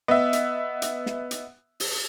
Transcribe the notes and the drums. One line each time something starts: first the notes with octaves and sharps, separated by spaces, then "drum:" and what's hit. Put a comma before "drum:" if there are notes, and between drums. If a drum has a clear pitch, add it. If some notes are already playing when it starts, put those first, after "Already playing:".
B3 D#5 E5
drum: hi-hat
drum: hi-hat
drum: snare
drum: hi-hat
drum: open hi-hat